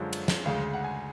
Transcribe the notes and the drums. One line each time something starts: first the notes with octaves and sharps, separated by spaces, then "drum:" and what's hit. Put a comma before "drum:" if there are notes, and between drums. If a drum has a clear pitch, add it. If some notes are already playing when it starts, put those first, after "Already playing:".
Already playing: F#2 D3 F3 G#3
drum: cymbal
drum: snare
D2 C#3 G#3 F5
F#5
G#5